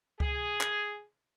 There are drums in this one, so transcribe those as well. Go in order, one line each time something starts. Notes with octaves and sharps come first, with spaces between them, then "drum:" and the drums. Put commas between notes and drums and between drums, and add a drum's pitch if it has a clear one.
G#4, drum: kick C#2
drum: clap